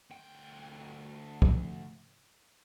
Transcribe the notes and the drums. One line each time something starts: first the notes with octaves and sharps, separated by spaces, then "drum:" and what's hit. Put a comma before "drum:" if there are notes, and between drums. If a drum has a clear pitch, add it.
D2 G5
drum: kick